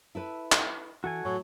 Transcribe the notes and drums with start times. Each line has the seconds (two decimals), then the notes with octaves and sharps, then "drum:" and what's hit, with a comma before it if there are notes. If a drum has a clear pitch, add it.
0.15 E4 A4 B4
0.52 drum: clap
1.04 E3 F#4 A4 G#5
1.25 A2 F#3